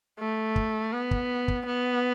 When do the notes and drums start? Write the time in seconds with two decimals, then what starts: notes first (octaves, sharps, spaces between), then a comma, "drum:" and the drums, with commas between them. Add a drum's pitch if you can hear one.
0.19 A3
0.56 drum: kick
0.93 B3
1.11 drum: kick
1.48 drum: kick
1.66 B3